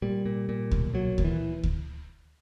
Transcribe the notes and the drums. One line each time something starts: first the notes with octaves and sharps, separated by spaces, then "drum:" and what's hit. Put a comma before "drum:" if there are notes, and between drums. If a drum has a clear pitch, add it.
A#2 G3
A#2
A#2
B1, drum: kick D2
A#2 F#3
A#2, drum: kick D2
E3
drum: kick D2